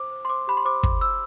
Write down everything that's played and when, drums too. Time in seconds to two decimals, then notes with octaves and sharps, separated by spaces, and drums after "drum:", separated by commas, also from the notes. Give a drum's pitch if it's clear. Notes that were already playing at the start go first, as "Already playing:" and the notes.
Already playing: C5 D6
0.11 C5
0.25 C6
0.29 C5 D6
0.47 G4 B5
0.57 C6
0.65 C5 D6
0.83 C5, drum: kick
1.01 C5 E6